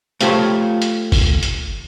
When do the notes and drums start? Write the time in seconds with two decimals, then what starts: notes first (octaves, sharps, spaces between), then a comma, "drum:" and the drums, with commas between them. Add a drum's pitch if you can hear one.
0.21 A3 F4 G4 C5 C#5, drum: hi-hat
0.82 drum: hi-hat
1.12 drum: kick G1, open hi-hat
1.43 drum: hi-hat